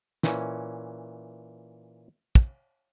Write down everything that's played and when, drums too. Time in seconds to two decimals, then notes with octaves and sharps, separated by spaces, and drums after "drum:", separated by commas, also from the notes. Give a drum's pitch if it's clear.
0.23 A#2 E3 C#4, drum: snare
2.35 drum: kick